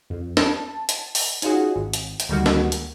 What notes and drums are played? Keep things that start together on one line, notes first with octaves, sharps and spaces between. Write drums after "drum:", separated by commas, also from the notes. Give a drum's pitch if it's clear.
F2
A5, drum: snare
drum: hi-hat
drum: open hi-hat
C#4 D#4 F4 F#4 G#4, drum: hi-hat
G#1
drum: hi-hat
drum: hi-hat
D2 D#3 G3 G#3 A#3 F#4
drum: snare
drum: hi-hat